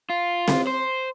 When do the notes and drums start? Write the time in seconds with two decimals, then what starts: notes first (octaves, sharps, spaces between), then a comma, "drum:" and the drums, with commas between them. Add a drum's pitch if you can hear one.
0.10 F4
0.48 drum: snare C4
0.67 C5